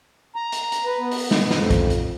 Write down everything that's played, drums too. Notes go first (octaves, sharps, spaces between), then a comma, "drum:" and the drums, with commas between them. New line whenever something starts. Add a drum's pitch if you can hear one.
A#5
drum: hi-hat
drum: hi-hat
B4
B3
drum: open hi-hat
drum: snare
F2, drum: snare
drum: kick, hi-hat
drum: hi-hat